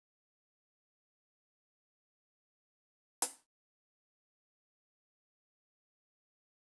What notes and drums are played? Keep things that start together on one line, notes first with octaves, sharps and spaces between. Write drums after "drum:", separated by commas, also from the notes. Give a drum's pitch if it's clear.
C#3
F2 G3
E3 G#3 C5 E5 F5
D#4 E4 A4 D5
D5 F#5 G5
drum: hi-hat
A3 C4 C#4 E5
C#5